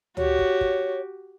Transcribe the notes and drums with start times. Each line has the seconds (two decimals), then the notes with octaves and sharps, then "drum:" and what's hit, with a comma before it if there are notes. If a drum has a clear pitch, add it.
0.17 F#4 G4 C#5, drum: tom C#2
0.39 drum: kick
0.61 drum: kick